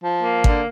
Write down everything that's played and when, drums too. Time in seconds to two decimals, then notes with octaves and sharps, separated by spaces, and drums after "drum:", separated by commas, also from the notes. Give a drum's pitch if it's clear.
0.02 F3
0.22 A#3
0.44 D3, drum: kick